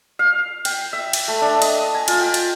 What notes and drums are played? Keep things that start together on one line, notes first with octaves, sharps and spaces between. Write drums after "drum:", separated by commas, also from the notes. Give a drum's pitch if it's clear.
F5
G5, drum: cymbal
E5
drum: cymbal
A3
D4
D#5, drum: cymbal
G#5
F4, drum: cymbal
G5
drum: cymbal